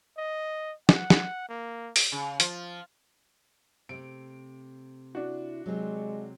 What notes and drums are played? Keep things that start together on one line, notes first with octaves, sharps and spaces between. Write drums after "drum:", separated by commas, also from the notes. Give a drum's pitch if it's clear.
D#5
F#5, drum: snare
drum: snare
A#3
drum: open hi-hat
C#3
F3, drum: hi-hat
C3 A3 D7
D4 E4 F#4
C3 F#3 G#3